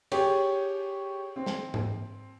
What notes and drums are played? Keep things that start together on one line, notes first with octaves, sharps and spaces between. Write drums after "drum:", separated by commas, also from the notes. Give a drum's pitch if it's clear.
G4 G#4 C#5, drum: cymbal
C4
drum: snare
drum: tom G#2